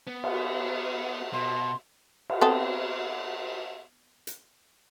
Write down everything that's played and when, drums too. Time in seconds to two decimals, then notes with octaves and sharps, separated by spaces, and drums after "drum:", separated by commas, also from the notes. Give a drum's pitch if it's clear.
0.07 B3
0.24 drum: cymbal
1.33 B2 C6
2.30 drum: cymbal
2.41 B3 C4 A4
4.27 drum: hi-hat